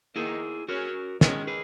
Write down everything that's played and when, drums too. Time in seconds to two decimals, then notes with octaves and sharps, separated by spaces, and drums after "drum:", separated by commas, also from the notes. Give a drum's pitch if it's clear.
0.16 D#3 A#3 D#4 E4 G#4
0.68 C#4 F#4 G#4 A#4 C#5
1.21 D#3 G#3 C#4, drum: snare
1.47 G#4 B4